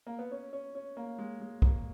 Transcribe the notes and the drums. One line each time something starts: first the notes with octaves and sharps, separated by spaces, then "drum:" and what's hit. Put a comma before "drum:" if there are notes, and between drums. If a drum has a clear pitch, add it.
A#3
B3
C#4
C#4
C#4
A#3
G#3
G#3
A#3, drum: kick